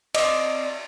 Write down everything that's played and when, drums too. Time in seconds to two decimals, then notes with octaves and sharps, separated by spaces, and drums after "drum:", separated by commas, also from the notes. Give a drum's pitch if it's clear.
0.15 C4 D5 D#5, drum: cymbal